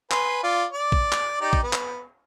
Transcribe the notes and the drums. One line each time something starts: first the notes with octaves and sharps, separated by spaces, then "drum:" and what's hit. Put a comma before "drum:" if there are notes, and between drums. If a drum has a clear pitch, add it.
B4 G#5 C6, drum: clap
F4 D5
D5
drum: kick
drum: clap
D#4 G4 D5
drum: kick
B3
drum: clap